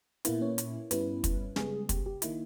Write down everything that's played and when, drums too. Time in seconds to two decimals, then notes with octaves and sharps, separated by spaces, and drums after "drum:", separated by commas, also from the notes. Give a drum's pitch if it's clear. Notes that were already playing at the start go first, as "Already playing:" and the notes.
0.25 A#2 A#3 B3 E4 B4, drum: hi-hat
0.41 C#4 C#5
0.58 drum: hi-hat
0.91 G2 G3 B3 C#4 E4 B4, drum: hi-hat
1.24 drum: kick, hi-hat
1.56 C#3 G3 G#3 B3 G#4, drum: snare
1.89 G4, drum: kick, hi-hat
2.06 G4
2.22 D#3 A#3 D#4 E4, drum: hi-hat